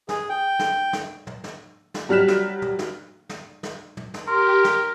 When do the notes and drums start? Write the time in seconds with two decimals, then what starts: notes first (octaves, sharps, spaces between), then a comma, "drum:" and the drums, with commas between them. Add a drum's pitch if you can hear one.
0.09 G#4, drum: snare
0.29 G5
0.59 drum: snare
0.93 drum: snare
1.27 drum: tom
1.44 drum: snare
1.94 drum: snare
2.09 F#3 G3 F6 F#6 B6 E7
2.28 drum: snare
2.62 drum: tom
2.79 drum: snare
3.29 drum: snare
3.63 drum: snare
3.97 drum: tom
4.14 drum: snare
4.28 G4 A#4 C6
4.64 drum: snare